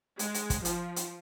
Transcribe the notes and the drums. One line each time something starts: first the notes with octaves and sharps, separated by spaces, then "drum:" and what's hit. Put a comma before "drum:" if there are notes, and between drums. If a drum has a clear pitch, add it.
G#3, drum: hi-hat
drum: hi-hat
drum: kick, hi-hat
F3, drum: hi-hat
drum: hi-hat